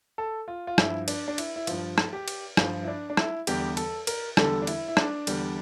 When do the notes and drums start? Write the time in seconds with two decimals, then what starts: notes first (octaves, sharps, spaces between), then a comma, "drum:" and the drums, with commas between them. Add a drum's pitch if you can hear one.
0.18 A4
0.48 F4
0.67 F4
0.78 G2 F3 E4, drum: rim click
1.08 D4, drum: cymbal
1.28 D4
1.38 E4, drum: cymbal
1.56 E4
1.67 G2 F3 F4, drum: cymbal
1.98 drum: rim click
2.13 G4
2.28 drum: cymbal
2.57 G2 F3 F4, drum: rim click
2.83 E4
2.88 D4
3.10 D4
3.17 E4, drum: rim click
3.47 E2 D3 G3 G4, drum: cymbal
3.77 A4, drum: cymbal
4.07 A#4, drum: cymbal
4.37 E2 D3 G3 A4, drum: rim click
4.62 D4
4.67 E4, drum: cymbal
4.88 E4
4.97 D4, drum: rim click
5.27 E2 D3 G3, drum: cymbal